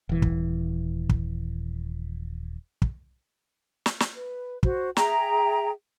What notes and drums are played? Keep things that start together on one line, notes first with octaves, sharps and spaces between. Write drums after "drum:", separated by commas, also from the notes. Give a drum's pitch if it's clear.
D#1 E3
drum: kick
drum: kick
drum: kick
drum: snare
drum: snare
B4
F#4 C5, drum: kick
G#4 E5 G5 A#5, drum: snare